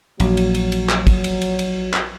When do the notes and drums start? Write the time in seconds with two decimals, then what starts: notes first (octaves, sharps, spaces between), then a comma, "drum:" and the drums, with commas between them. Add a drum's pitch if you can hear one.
0.20 A#1 F#3, drum: cymbal
0.37 drum: cymbal
0.55 drum: cymbal
0.72 drum: cymbal
0.89 drum: clap
1.07 drum: kick, cymbal
1.24 drum: cymbal
1.41 drum: cymbal
1.59 drum: cymbal
1.94 drum: clap